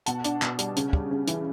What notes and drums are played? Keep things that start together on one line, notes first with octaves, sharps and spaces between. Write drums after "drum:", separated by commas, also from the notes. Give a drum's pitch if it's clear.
B2 F#5 A5, drum: hi-hat
D4, drum: hi-hat
B2, drum: clap
G3, drum: hi-hat
C#3, drum: hi-hat
G3, drum: kick
C#3
E3, drum: hi-hat